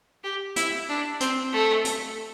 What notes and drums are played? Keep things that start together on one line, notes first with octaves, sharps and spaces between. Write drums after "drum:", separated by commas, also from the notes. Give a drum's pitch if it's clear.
G4
E4, drum: hi-hat
D4
C4, drum: hi-hat
A3
drum: hi-hat